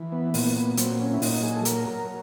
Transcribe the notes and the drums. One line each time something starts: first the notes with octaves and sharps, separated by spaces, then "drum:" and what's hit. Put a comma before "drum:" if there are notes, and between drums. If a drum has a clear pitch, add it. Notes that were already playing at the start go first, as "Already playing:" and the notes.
Already playing: E3
B3
A#2 B3, drum: open hi-hat
B3
F#3 C4, drum: hi-hat
C#4
E4
A#2 D#4, drum: open hi-hat
G#4
A4
F#3 A#4, drum: hi-hat
A#4